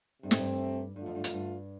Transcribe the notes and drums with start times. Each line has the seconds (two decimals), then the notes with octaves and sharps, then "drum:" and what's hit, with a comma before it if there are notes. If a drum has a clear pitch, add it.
0.23 G2 C3 A3 C4
0.31 A2, drum: snare
0.39 G2
0.96 G2 D3 A3 F4
1.06 F2
1.15 G2
1.24 F2, drum: hi-hat
1.33 G2